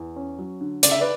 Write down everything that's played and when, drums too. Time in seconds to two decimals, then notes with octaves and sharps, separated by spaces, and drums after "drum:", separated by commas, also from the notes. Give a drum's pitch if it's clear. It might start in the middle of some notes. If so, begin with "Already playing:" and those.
Already playing: E2
0.16 C#4
0.39 F#3
0.61 D3
0.83 C#3 D5, drum: hi-hat
0.91 E5
1.01 B4 D5